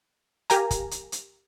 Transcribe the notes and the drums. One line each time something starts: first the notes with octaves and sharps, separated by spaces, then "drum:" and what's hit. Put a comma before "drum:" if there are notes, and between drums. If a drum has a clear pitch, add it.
G4 A#4 F5 G#5 A#5, drum: hi-hat
drum: kick, hi-hat
drum: hi-hat
drum: hi-hat